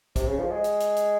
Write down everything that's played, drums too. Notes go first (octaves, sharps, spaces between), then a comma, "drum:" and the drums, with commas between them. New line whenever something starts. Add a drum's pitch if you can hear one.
C3, drum: kick, hi-hat
C#3
F3
G#3
drum: hi-hat
drum: hi-hat
drum: hi-hat